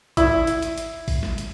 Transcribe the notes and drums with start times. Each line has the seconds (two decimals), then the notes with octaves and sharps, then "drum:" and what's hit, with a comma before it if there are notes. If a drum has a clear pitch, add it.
0.17 E4, drum: kick, hi-hat
0.47 drum: hi-hat
0.62 drum: hi-hat
0.78 drum: hi-hat
1.08 drum: kick, open hi-hat
1.23 drum: snare
1.38 drum: hi-hat